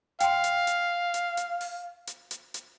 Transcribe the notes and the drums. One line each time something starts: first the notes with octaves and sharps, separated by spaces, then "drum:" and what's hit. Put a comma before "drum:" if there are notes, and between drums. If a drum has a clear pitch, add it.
F5 G5 C6, drum: hi-hat
drum: hi-hat
drum: hi-hat
drum: hi-hat
drum: hi-hat
drum: open hi-hat
drum: hi-hat
drum: hi-hat
drum: hi-hat